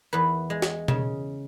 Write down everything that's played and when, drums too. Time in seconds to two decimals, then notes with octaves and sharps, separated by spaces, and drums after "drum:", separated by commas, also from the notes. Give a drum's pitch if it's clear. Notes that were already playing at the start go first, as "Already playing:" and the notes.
0.13 E2 B4
0.50 G#3
0.62 drum: snare
0.88 C#3, drum: tom B2